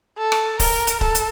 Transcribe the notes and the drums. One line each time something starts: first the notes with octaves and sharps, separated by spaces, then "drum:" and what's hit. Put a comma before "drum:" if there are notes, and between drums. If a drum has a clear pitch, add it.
A4
drum: rim click
A#4, drum: kick D1, open hi-hat
drum: hi-hat
A4, drum: kick D1
drum: hi-hat